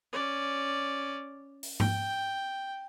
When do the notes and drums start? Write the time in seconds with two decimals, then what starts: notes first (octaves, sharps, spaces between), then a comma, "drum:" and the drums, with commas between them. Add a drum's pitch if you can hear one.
0.13 C#4 D5
1.63 drum: open hi-hat
1.80 G5, drum: tom G#2